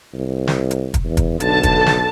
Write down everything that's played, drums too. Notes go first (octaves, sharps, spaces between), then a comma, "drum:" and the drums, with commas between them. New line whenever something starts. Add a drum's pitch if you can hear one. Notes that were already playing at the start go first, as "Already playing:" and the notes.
C2
drum: snare
drum: hi-hat
drum: kick, hi-hat
E2
drum: kick, hi-hat
B1 D3 A5, drum: hi-hat
drum: kick, hi-hat
drum: snare